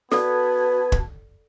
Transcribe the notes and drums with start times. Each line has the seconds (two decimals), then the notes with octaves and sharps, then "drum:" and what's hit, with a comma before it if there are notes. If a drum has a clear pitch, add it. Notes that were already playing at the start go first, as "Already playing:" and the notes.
0.12 B3 F#4 A4 B4 D5 A5 G#6, drum: snare
0.92 drum: kick